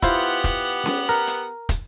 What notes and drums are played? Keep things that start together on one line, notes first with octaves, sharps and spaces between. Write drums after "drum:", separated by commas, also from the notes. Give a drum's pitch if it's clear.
B3 E4 F4 G4 C5 F#5, drum: kick, hi-hat
drum: kick, hi-hat
drum: snare C#4
A#4
drum: hi-hat
drum: kick, hi-hat